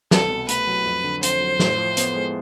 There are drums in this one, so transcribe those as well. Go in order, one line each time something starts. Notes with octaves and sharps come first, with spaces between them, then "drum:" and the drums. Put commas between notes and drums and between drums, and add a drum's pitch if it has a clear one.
C2 A4, drum: snare
B2
A3 B4, drum: hi-hat
F#3
F2
D3
F2 C5, drum: hi-hat
F#3
A2, drum: snare
F3
B3, drum: hi-hat
G#3